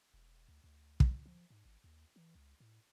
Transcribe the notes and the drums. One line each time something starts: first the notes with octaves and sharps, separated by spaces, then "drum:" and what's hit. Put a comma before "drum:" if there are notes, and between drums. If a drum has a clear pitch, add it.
E1
D2
D2
drum: kick
A#2
F3
G#2
G#1
D#2
E3
C#2
A2